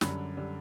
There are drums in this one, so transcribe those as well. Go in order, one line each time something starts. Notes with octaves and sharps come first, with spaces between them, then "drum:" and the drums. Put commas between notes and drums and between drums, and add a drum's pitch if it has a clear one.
F#2 D3 G3 B5, drum: snare
D3 G3